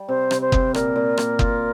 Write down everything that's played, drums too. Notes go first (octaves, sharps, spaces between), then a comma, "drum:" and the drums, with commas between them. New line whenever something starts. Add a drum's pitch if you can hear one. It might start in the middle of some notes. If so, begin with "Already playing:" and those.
Already playing: G3
C3 C5
C3, drum: rim click
C5
C3, drum: kick F#1
A#2 A#4, drum: rim click
A#2
A#2, drum: rim click
F4, drum: kick F#1